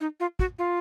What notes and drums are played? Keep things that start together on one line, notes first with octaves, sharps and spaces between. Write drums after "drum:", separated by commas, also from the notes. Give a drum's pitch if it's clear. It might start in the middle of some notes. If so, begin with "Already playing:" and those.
D#4
F4
F#4, drum: kick
F4